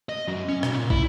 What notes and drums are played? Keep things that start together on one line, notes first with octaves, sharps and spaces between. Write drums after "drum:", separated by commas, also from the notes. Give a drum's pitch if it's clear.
D#5
F#2
C#4
B1, drum: rim click
A#2
E4, drum: kick